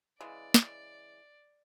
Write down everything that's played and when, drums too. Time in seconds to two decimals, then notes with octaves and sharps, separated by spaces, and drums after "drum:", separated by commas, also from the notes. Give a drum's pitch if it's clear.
0.21 C#3 E3 G#3 D5
0.54 drum: snare